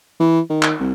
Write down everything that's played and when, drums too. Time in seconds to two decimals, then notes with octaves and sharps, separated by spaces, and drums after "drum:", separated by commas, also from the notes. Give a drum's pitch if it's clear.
0.20 E3
0.50 D#3
0.63 drum: clap
0.80 C2